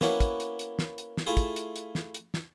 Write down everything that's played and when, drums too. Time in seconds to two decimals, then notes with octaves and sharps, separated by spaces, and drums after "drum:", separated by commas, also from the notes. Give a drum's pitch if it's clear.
0.01 A#3 B3 C#4 E4 F#4, drum: snare
0.20 drum: kick, hi-hat
0.40 drum: hi-hat
0.59 drum: hi-hat
0.79 drum: snare
0.98 drum: hi-hat
1.17 drum: snare
1.27 A3 E4 F4 G#4
1.37 drum: kick, hi-hat
1.56 drum: hi-hat
1.76 drum: hi-hat
1.95 drum: snare
2.14 drum: hi-hat
2.34 drum: snare